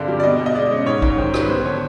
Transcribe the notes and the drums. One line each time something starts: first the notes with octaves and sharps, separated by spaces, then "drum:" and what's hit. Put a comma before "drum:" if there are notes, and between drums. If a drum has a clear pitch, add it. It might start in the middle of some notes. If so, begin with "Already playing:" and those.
Already playing: G2 D3 G#3 C4 D5
G3
D5
B2 D#5
B2
D#5
G#3 D5
C#4
G#2 C#5
G#2, drum: kick B1
C#5
D#3 C5
G3, drum: rim click
B4
B3 C5
D3 C#5